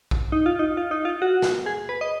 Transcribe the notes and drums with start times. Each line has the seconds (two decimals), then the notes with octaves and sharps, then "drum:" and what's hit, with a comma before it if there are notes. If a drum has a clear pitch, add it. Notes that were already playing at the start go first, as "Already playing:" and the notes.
0.11 drum: kick A#1
0.32 D#4
0.46 F4
0.59 D#4
0.77 F4
0.91 D#4
1.05 F4
1.22 F#4
1.42 drum: snare
1.66 G#4
1.89 B4
2.01 D#5